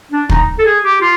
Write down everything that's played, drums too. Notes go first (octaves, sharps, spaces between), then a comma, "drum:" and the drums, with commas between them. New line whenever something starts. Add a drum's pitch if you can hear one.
D4
D#4, drum: kick
A4
G#4
G4
F4